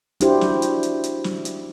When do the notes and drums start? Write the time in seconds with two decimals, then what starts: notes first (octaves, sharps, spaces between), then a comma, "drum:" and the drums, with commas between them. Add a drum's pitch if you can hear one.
0.21 D4 E4 F#4 G4 C5, drum: hi-hat
0.41 drum: snare
0.62 drum: hi-hat
0.83 drum: hi-hat
1.04 drum: hi-hat
1.24 drum: snare
1.45 drum: hi-hat